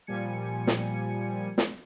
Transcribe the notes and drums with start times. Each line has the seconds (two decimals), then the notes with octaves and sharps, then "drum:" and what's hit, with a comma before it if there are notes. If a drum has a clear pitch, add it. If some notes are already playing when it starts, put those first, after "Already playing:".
0.07 A#2 F3 G3 G#5 C#7
0.67 drum: snare
1.58 drum: snare